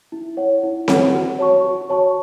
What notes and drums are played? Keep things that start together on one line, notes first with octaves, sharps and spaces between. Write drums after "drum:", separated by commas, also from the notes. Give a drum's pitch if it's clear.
E4
C#5 F#5
E4
C#5 F#5, drum: snare C4
F#4
C#5 A5 C#6
F#4
C#5 A5 C#6